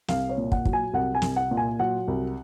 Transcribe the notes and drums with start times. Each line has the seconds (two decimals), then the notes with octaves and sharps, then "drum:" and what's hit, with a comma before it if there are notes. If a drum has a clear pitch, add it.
0.08 C2 F5, drum: snare
0.29 C#5
0.38 A#2
0.52 F#5, drum: kick
0.65 F#3, drum: kick
0.73 G#5
0.93 C2 F#5
1.15 G#5
1.22 C2, drum: snare
1.36 F#5
1.51 A#2
1.57 G#5
1.79 F#3 F#5
2.08 C2